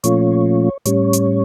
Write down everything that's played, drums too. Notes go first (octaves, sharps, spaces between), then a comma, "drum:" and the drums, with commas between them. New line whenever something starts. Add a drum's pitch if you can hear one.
A#2 F3 A3 C#4 F4 C#5, drum: hi-hat
A2 G3 C#4 C#5, drum: hi-hat
drum: hi-hat